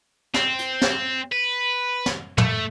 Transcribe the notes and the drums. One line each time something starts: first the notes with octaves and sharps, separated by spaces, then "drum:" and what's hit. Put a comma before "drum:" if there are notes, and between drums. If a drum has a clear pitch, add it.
C4, drum: snare
drum: hi-hat
drum: snare
B4
drum: snare
A3, drum: tom